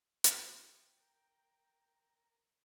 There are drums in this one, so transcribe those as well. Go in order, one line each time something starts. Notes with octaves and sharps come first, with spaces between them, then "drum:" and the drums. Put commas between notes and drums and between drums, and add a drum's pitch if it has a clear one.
G5, drum: hi-hat
A#4